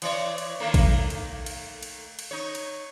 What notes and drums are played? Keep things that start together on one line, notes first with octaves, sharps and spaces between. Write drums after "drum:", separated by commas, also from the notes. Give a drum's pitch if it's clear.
E3 C#5 D5, drum: cymbal
drum: cymbal
D#3 A3 A#3
drum: kick A1, cymbal
drum: cymbal
drum: cymbal
drum: cymbal
drum: cymbal
D#4 C#5
drum: cymbal